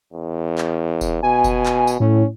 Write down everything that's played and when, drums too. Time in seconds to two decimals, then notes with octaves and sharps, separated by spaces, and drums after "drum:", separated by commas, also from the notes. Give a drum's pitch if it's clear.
0.13 E2
0.58 drum: clap
1.01 drum: kick F1, tambourine
1.23 B2 G#5
1.44 drum: kick F1, tambourine
1.66 drum: clap
1.87 drum: tambourine
2.00 A2 C#4